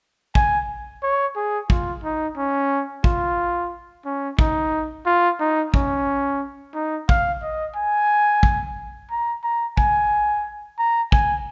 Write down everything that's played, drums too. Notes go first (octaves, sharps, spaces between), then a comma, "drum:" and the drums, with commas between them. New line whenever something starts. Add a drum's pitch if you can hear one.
G#5, drum: kick
C#5
G#4
F4, drum: kick
D#4
C#4
F4, drum: kick
C#4
D#4, drum: kick
F4
D#4
C#4, drum: kick
D#4
F5, drum: kick
D#5
G#5
drum: kick
A#5
A#5
G#5, drum: kick
A#5
G#5, drum: kick